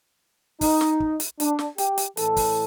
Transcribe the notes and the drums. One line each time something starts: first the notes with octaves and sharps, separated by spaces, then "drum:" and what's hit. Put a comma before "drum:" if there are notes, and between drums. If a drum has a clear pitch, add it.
D#4, drum: kick, open hi-hat
drum: snare
drum: kick
drum: hi-hat
D4, drum: hi-hat
drum: snare
G4, drum: hi-hat
drum: hi-hat
A2 E3 A4, drum: hi-hat
drum: kick, open hi-hat